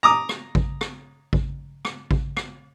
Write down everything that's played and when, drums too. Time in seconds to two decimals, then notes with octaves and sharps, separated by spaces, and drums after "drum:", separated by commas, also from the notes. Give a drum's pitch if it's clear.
0.03 A#5 D6 D#6
0.29 drum: rim click
0.55 drum: kick A1
0.81 drum: rim click
1.33 drum: kick A1
1.85 drum: rim click
2.11 drum: kick A1
2.37 drum: rim click